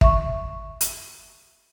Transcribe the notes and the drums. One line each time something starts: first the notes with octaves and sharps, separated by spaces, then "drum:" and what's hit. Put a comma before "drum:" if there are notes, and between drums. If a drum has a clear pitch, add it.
E5 C#6, drum: kick
drum: hi-hat